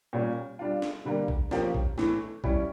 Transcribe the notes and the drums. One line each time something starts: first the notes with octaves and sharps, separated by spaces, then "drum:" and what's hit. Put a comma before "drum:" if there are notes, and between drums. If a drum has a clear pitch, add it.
A#2 G3 C#4 G4
G3 D4 F4
drum: snare
D3 G3 A#3
drum: kick A#1
F3 A#3 C#4 G4, drum: snare
drum: kick A#1
A2 E3 A3, drum: snare
G3 C#4 E4, drum: kick A#1